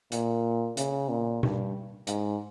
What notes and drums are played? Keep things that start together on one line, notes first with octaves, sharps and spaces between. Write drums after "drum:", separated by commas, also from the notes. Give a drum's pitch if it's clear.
A#2, drum: hi-hat
C#3, drum: hi-hat
A#2
G2, drum: tom B2
G#2, drum: hi-hat